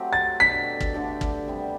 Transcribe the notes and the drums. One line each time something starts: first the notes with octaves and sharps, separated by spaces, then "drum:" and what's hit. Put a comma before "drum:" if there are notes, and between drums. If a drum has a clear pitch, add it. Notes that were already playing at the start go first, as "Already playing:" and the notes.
Already playing: F#3 A3 C4 G4
A6
B2 A3 D4 A4 B6
drum: kick
D3 A3 D4 G4
drum: kick
C3 G3 B3